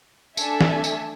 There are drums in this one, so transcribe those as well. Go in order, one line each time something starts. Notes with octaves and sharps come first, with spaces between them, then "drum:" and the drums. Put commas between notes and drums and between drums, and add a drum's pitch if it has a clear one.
A3 D4 A4 E5 G#5, drum: tambourine
drum: snare
drum: tambourine